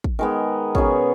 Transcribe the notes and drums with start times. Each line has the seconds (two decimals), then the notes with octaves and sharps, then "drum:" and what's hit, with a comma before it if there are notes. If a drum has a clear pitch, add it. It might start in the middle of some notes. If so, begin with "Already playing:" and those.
0.04 drum: kick
0.19 D#3 G#3 B3 A#4
0.75 B2 F#3 C#4 G#4, drum: kick